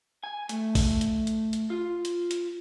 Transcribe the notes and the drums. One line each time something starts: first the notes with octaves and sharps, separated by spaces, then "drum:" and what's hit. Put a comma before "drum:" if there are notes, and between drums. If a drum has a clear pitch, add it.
G#5
A3, drum: hi-hat
drum: kick A1, open hi-hat
drum: hi-hat
drum: hi-hat
drum: hi-hat
F4
drum: hi-hat
drum: hi-hat